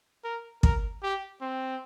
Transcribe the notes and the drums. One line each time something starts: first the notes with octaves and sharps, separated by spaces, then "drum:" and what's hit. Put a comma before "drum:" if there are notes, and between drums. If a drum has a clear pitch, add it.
A#4
A#4, drum: kick
G4
C4